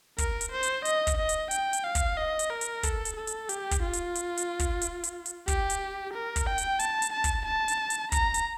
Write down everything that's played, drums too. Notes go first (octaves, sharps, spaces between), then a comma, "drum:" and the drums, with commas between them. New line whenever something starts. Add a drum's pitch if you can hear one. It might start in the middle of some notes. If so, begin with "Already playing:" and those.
A#4, drum: kick, hi-hat
drum: hi-hat
C5
drum: hi-hat
D#5, drum: hi-hat
drum: kick, hi-hat
D#5
drum: hi-hat
G5, drum: hi-hat
drum: hi-hat
F5
drum: kick, hi-hat
D#5
drum: hi-hat
A#4
drum: hi-hat
A4, drum: kick, hi-hat
drum: hi-hat
A4
drum: hi-hat
G4, drum: hi-hat
drum: kick, hi-hat
F4
drum: hi-hat
drum: hi-hat
drum: hi-hat
drum: kick, hi-hat
drum: hi-hat
drum: hi-hat
drum: hi-hat
G4, drum: kick, hi-hat
drum: hi-hat
A#4
drum: kick, hi-hat
G5
drum: hi-hat
A5, drum: hi-hat
drum: hi-hat
A5
drum: kick, hi-hat
A5
drum: hi-hat
drum: hi-hat
A#5, drum: kick, hi-hat
drum: hi-hat